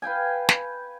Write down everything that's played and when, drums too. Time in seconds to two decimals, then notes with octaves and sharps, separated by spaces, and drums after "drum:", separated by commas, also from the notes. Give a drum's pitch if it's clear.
0.02 B4 F5 G5 G#5
0.49 drum: snare